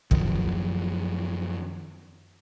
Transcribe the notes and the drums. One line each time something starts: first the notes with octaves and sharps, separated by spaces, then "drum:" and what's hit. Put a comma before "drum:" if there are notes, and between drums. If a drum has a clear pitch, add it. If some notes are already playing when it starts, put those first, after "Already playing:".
F#2 D#3 F3, drum: kick